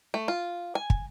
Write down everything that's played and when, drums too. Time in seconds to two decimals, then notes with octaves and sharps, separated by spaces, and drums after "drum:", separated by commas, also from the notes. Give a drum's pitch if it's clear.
0.14 A3
0.28 F4
0.75 G#5
0.90 drum: kick